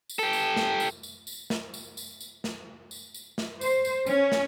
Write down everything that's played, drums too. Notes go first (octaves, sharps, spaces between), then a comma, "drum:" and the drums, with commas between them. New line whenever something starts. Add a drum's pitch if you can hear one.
drum: tambourine
G4 A4
drum: tambourine
drum: snare
drum: tambourine
drum: tambourine
drum: tambourine
drum: snare
drum: tambourine
drum: tambourine
drum: tambourine
drum: snare
drum: tambourine
drum: tambourine
drum: snare
C5, drum: tambourine
drum: tambourine
C#4, drum: tambourine
drum: snare